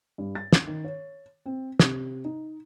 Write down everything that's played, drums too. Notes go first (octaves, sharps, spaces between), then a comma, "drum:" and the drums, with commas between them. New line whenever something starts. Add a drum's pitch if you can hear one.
G2
A6
drum: snare
D#3
C#5
C4
C3, drum: snare
D#4